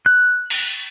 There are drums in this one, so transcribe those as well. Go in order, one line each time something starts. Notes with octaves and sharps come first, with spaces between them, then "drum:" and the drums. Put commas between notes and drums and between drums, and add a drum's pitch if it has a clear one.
F#6
drum: cymbal